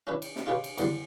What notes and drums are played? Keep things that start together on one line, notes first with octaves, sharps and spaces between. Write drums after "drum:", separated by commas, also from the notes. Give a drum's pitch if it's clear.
C#4 D4 E4 B4
drum: cymbal
drum: snare
D#4 F4 G4 G#4 B4 C#5
drum: cymbal
E2 D3 G3 C6, drum: cymbal